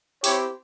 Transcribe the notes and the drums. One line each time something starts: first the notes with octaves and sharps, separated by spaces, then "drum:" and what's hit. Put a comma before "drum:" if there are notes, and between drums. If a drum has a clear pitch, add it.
C4 E4 G4 C#5, drum: open hi-hat